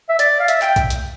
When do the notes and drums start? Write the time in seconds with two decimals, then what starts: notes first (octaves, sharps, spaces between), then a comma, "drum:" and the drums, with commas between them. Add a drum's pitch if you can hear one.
0.09 E5
0.19 D5, drum: hi-hat
0.40 F5
0.48 E5, drum: hi-hat
0.62 G5, drum: clap
0.76 drum: kick B1, hi-hat
0.90 drum: hi-hat